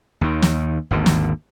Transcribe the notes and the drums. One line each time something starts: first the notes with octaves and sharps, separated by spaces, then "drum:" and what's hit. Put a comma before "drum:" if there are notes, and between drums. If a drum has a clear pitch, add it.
D#2 D#3
drum: snare
G#1 D#2 D3
drum: snare